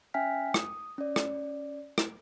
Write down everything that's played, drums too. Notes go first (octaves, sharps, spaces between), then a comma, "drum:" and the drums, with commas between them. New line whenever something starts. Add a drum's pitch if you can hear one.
C#4 E5 G5 G#5 F6 B6
D#6, drum: rim click
C#4 D5
drum: rim click
drum: rim click